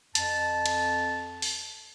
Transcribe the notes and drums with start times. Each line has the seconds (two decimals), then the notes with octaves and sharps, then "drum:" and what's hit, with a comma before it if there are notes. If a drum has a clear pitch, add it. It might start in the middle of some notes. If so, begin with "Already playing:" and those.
0.15 F2 A5, drum: hi-hat
0.66 drum: cymbal
1.42 drum: open hi-hat